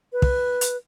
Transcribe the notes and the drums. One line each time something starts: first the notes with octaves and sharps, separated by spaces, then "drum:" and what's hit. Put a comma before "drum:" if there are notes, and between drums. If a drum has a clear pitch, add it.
B4
drum: kick
drum: hi-hat